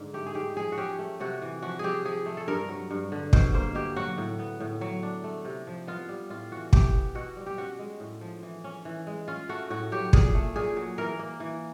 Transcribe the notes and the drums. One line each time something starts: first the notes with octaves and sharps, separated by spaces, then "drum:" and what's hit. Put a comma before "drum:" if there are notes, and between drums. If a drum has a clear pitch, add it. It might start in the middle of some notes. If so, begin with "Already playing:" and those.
Already playing: G#2 D3
A3 G4
G#4
G#2 G4
F3 G#4
F#4
C#4 G4
A3
C3 F#4
E3
F3 F#4
C4 G4 G#4
F3 G#4
A3
A4
G2 A#4
F#3
G2
D3
B2 C5, drum: kick
A#3 C5
B2 G4
F#3 F#4
A2
B3
A2
F#3
D4
A3
C3
F3
B3 F4
G3
A2 F4
E3 F#4
E4 G4, drum: kick
B3
B2 F#4
G3
G4
C#4 F#4
G#3
A2
F3
E3
C#4
E3
G#3
C#4 F4
A3 F#4
A2 F#4
F#3 G4
A#2 G#4, drum: kick
A3
A#2 G#4
F#3
E3 A#4
A#3
E3